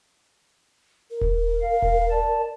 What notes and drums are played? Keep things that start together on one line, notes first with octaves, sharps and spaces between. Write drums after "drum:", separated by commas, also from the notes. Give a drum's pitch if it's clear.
A#4
drum: kick D#1
F5
drum: kick D#1
D5 A5